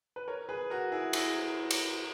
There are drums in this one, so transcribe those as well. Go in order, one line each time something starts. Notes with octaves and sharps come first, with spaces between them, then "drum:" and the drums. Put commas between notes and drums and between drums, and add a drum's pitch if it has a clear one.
B4
A#4 C#5
G#4 B4
F#4 A#4
E4 G#4
E4 G#4, drum: cymbal
drum: cymbal